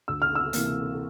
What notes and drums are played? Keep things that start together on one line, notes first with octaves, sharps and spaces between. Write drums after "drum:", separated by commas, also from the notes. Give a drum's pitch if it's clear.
D2 E6
F6
E6
C3 E3 A#3, drum: hi-hat